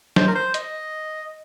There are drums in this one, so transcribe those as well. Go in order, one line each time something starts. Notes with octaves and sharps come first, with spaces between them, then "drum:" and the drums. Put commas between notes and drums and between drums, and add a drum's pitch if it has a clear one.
C5, drum: snare
A#4
C5
D#5, drum: hi-hat